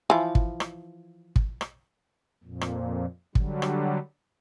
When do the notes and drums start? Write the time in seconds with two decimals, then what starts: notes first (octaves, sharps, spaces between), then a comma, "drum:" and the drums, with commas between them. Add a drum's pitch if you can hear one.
0.10 E3 F3
0.35 drum: kick
0.60 drum: rim click
1.36 drum: kick
1.61 drum: rim click
2.44 F2 A#2
2.61 drum: rim click
3.35 D3 F#3 G3, drum: kick
3.62 drum: rim click